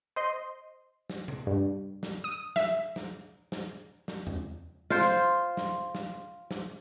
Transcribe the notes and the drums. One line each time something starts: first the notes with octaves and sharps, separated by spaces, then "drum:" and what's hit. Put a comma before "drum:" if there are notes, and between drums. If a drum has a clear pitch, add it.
C5 D#5 C6
drum: snare
drum: tom C3
G2
drum: snare
D#6
E5, drum: snare
drum: snare
drum: snare
drum: snare
drum: tom E2
F4 C5
drum: snare
drum: snare
drum: snare
drum: snare